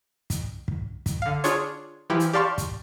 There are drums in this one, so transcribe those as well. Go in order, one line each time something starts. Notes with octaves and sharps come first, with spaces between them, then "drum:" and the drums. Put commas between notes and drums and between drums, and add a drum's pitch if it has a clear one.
drum: kick, hi-hat
drum: kick
drum: kick, hi-hat
D3 F5
D4 F4 G#4 C#5, drum: hi-hat
E3 F3 E4 G4
drum: hi-hat
G4 D5 F5 A5 C6 C#6
drum: kick, hi-hat